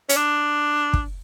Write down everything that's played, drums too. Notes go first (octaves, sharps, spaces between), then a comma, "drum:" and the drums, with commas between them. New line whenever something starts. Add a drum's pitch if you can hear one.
C#4, drum: hi-hat
D4
drum: kick